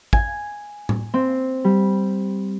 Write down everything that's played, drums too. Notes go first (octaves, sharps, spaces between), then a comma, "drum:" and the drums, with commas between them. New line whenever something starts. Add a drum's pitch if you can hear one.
G#5, drum: kick
drum: tom A2
C4
G3